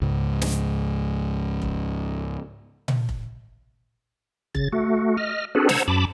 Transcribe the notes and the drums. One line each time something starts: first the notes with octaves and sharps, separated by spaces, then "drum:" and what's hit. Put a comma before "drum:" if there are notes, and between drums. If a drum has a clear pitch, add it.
C#2 G#2
drum: snare
drum: kick F1
drum: tom A#2
drum: kick F1
C#3 A6, drum: kick F1
A3 F#4
D#5 F6
C4 D4 F#4 G#4 A4 B4
C5 F#5 A5 A#5 E6 G#6, drum: snare
F#2 A5 B5 D6